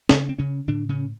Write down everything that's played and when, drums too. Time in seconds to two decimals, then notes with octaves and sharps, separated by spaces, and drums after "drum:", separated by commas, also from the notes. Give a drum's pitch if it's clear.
0.09 C#3 C#4, drum: snare
0.29 C4
0.38 C#3 C#4
0.68 A2 D3 D4
0.89 C#3 C#4